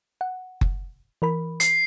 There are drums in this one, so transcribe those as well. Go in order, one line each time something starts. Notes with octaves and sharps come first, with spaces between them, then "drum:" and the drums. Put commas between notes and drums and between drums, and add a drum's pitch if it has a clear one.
F#5
drum: kick F#1
E3 A#4 B5
C7, drum: hi-hat